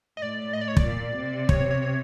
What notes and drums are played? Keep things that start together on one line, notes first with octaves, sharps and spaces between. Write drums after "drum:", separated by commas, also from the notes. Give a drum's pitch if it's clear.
D#5
A2 D5
D#5
D5
C#5
D5, drum: kick
A#2
C3
C#5, drum: kick
C#5
C#5
C#5